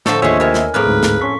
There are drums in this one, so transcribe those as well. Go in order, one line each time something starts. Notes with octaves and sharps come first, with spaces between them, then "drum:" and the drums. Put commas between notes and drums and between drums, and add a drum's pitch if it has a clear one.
A2 D3 F3 A3 A4 C#6 G6, drum: snare
D#2 C#4 F4 G#4 C#5 D#5 E5 E6
C3 E4 A#4 C#5 G#5
drum: snare
F2 A2 A#3 G#4 B4 F6
D2 G#2
drum: snare
C#4 A4 C6 C#6 B6